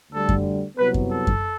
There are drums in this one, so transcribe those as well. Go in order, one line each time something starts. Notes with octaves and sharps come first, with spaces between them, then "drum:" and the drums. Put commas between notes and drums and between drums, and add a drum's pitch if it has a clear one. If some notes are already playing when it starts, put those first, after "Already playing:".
D2 D3 G3 A4
drum: kick F#2
C2 C3 F#3 B3 B4
drum: kick F#2
A4
drum: kick F#2